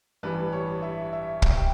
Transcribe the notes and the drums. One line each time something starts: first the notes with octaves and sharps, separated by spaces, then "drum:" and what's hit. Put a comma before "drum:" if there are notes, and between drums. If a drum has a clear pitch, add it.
A1 G2 E3 B4
C#5
E5
E5
drum: kick
G5